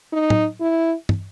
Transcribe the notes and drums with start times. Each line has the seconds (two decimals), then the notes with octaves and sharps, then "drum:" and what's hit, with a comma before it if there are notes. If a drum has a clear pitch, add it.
0.12 D#4
0.30 drum: tom A2
0.60 E4
1.09 drum: tom